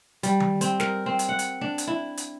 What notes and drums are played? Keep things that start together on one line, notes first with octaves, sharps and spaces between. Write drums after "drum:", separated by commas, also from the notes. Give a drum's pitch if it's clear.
G3, drum: hi-hat
drum: tom D#3
C4, drum: hi-hat
A#4, drum: snare
C4
drum: hi-hat
F#5
drum: hi-hat
D4
drum: hi-hat
E4
drum: hi-hat